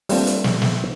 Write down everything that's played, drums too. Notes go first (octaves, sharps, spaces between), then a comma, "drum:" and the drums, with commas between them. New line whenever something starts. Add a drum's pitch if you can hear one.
G3 A3 A#3 C4 D4 F4, drum: open hi-hat
drum: hi-hat
drum: snare
drum: snare